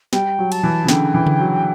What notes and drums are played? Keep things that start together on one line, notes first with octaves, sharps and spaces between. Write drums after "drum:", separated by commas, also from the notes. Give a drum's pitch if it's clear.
G3 G5, drum: snare
F#3
A5, drum: cymbal
E3
C#3
D3 G5, drum: snare
E3
drum: tom C#3
F#3